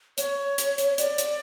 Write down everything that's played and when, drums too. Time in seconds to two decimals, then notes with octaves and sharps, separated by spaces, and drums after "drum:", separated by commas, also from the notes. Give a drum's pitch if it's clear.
0.18 C#5, drum: hi-hat
0.58 drum: hi-hat
0.78 drum: hi-hat
0.98 D5, drum: hi-hat
1.18 drum: hi-hat